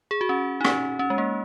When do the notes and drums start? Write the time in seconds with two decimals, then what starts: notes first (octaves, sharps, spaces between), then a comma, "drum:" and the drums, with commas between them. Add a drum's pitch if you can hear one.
0.11 G#4
0.21 F#4
0.29 C#4
0.61 D#4
0.65 C#4, drum: rim click
0.99 C#4
1.10 G#3
1.18 A#3